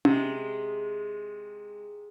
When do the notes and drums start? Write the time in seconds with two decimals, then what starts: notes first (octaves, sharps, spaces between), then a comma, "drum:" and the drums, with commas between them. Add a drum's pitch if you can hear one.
0.05 C3 G#3, drum: tom C#4